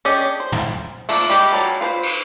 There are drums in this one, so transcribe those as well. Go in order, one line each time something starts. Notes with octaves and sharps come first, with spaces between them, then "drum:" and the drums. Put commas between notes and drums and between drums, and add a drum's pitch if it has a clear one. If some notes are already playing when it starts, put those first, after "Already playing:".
C#4 D4 G4 G#4 D#5
C5
drum: tom
F3 A3 A#3 D4, drum: cymbal
G3 G#3 G4
F#3 G3 A#4 A5
F4 B4 C5
drum: cymbal